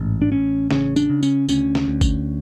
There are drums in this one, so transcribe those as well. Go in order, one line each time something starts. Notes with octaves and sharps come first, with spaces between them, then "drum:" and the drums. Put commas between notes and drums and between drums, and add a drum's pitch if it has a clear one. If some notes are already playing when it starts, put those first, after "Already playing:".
Already playing: A1 G#2
D4
A1 C#4
C#3 C#4, drum: snare
D4, drum: tambourine
C#3
C#4, drum: tambourine
D2 C#4, drum: tambourine
drum: snare
D2
drum: kick G1, tambourine